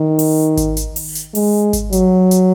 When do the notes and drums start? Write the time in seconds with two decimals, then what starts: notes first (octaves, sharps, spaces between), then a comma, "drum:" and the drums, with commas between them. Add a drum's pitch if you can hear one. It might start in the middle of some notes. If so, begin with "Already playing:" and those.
Already playing: D#3
0.19 drum: open hi-hat
0.57 drum: kick G#1, hi-hat
0.77 drum: hi-hat
0.96 drum: open hi-hat
1.15 drum: hi-hat
1.35 G#3, drum: open hi-hat
1.73 drum: kick G#1, hi-hat
1.92 F#3, drum: hi-hat
2.31 drum: hi-hat